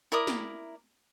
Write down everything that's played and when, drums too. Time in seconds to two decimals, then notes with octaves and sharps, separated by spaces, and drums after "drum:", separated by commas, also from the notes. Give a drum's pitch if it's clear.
0.12 E4 A#4 D5 D#6
0.27 drum: snare